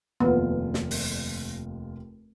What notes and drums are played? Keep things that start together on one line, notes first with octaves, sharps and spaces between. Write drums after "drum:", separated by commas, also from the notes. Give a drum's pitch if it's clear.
F1 D#2 B3 F4
drum: snare
drum: open hi-hat